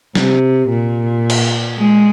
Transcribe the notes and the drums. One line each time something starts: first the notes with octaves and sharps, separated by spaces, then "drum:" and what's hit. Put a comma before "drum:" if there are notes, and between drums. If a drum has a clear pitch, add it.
C3, drum: snare
A#2
drum: cymbal
G#3